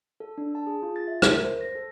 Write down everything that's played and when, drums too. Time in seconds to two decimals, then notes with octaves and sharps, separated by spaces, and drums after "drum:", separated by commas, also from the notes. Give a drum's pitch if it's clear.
0.20 A4
0.38 D4
0.55 A5
0.67 G#4
0.83 F4
0.96 A6
1.08 E5
1.22 A#4, drum: rim click
1.44 C5
1.61 A#6
1.75 A4